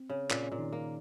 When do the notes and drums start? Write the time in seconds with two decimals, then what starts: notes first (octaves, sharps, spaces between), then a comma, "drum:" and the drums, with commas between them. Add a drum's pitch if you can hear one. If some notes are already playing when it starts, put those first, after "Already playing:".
Already playing: C4
0.09 C#3
0.30 A#2 C#4, drum: clap
0.44 C#4
0.52 A#2
0.58 D#3 D#4
0.72 A#3